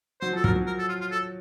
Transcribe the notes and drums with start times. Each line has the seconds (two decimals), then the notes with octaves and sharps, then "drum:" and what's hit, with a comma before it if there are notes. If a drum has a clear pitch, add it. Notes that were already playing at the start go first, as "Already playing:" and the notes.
0.21 F#3 C5
0.33 F3
0.36 A4
0.44 F#3 A#4, drum: kick
0.56 F#3
0.66 A#4
0.79 A4
0.89 F4
1.01 F4
1.11 A4